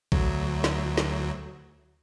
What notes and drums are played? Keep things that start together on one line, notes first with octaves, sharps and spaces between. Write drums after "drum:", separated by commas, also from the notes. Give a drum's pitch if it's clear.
D2 F#3, drum: kick A#1
drum: snare
drum: snare